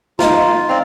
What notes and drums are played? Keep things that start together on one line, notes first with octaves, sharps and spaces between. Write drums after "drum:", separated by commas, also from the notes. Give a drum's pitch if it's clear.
D#4 F4 D#5 A#5, drum: snare
C4 D5 F5